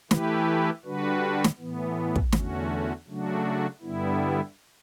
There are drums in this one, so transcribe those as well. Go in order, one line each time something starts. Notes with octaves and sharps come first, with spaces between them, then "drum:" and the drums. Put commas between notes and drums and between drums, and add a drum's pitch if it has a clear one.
E3 A3 E4 G4 B4, drum: snare
D3 G3 D4 F#4 B4
drum: snare
A2 E3 B3
drum: kick
E2 D3 A3 C#4 F#4, drum: snare
C#3 F#3 A3 D4 F#4
G2 D3 G3 B3 E4